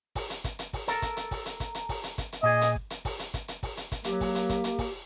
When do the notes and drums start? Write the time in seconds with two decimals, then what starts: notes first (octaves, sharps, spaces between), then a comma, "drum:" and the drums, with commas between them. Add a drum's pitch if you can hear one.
0.15 drum: kick, open hi-hat
0.30 drum: hi-hat
0.44 drum: kick, hi-hat
0.59 drum: hi-hat
0.73 drum: kick, open hi-hat
0.88 A4 A#4, drum: hi-hat
1.02 drum: kick, hi-hat
1.17 drum: hi-hat
1.31 drum: kick, open hi-hat
1.46 drum: hi-hat
1.60 drum: kick, hi-hat
1.75 drum: hi-hat
1.89 drum: kick, open hi-hat
2.04 drum: hi-hat
2.18 drum: kick, hi-hat
2.32 drum: hi-hat
2.43 A#2 G#4 D#5
2.61 drum: hi-hat
2.76 drum: kick
2.90 drum: hi-hat
3.05 drum: kick, open hi-hat
3.19 drum: hi-hat
3.34 drum: kick, hi-hat
3.48 drum: hi-hat
3.63 drum: kick, open hi-hat
3.77 drum: hi-hat
3.92 drum: kick, hi-hat
4.04 F#3 A#3 G4, drum: hi-hat
4.21 drum: kick, open hi-hat
4.35 drum: hi-hat
4.50 drum: kick, hi-hat
4.64 drum: hi-hat
4.78 drum: kick, open hi-hat